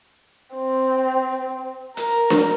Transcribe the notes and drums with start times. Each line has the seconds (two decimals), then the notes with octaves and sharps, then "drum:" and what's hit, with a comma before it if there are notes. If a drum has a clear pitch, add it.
0.55 C4
1.97 A#4, drum: hi-hat
2.30 drum: snare D4